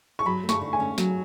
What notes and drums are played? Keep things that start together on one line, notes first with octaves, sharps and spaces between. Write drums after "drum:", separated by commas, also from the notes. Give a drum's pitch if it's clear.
C#6
F#3 B5
A3
C#6, drum: snare
D3
G#5
C#4
F#3, drum: snare